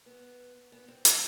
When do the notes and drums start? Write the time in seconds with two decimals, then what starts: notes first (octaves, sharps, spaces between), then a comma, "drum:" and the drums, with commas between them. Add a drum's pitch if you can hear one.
0.06 B3
0.72 B3
0.88 C4
1.05 B3, drum: hi-hat